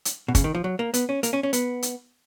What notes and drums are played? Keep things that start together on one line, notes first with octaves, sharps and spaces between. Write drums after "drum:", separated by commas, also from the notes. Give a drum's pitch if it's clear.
drum: hi-hat
B2
C#3, drum: kick, hi-hat
D#3
F3
F#3
A#3
B3, drum: hi-hat
C#4
A#3, drum: hi-hat
C#4
C#4
B3, drum: hi-hat
drum: hi-hat